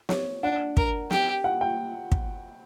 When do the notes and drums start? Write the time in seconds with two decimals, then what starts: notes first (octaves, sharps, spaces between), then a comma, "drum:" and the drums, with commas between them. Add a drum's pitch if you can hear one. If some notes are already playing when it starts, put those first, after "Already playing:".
0.09 C#5, drum: snare
0.43 D4 F#5
0.77 A#4, drum: kick
1.11 G4, drum: snare
1.44 F#5
1.61 G5
2.12 drum: kick